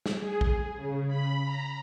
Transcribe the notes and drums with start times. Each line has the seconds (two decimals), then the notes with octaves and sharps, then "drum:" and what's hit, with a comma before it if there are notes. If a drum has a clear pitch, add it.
0.06 drum: snare
0.20 G#4
0.41 drum: kick A#1
0.77 C#3
1.08 B5
1.44 A#5